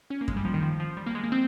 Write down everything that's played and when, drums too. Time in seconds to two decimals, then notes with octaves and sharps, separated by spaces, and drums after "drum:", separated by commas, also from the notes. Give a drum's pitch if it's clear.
0.10 C#4
0.21 A#3
0.28 G#3, drum: kick F#2
0.37 G3
0.45 F3
0.54 D#3
0.63 F3
0.80 F3
0.97 G3
1.06 A#3
1.15 G#3
1.24 A#3
1.32 C4